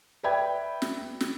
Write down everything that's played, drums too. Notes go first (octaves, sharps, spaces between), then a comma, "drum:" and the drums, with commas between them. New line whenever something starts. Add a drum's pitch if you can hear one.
B4 D5 E5 G5 B5 G#6
drum: snare
drum: snare